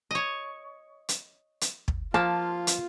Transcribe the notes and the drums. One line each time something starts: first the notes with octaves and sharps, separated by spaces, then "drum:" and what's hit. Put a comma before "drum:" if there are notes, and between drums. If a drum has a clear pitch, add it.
C#5 D#5
drum: hi-hat
drum: hi-hat
drum: kick
F3 A#3 F4 A5
drum: hi-hat